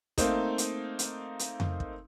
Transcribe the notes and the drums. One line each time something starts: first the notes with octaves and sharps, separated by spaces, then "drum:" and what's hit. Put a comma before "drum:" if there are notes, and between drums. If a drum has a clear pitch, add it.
A3 A#3 C4 D#4, drum: kick, hi-hat
drum: hi-hat
drum: hi-hat
drum: hi-hat
drum: tom F2
drum: kick